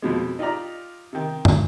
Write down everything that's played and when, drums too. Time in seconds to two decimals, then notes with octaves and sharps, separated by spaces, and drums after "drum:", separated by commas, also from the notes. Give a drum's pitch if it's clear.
0.02 F2 B2 G#3
0.39 D#4 F4 G4 D5 A#5
1.13 C3 D#3
1.45 drum: tom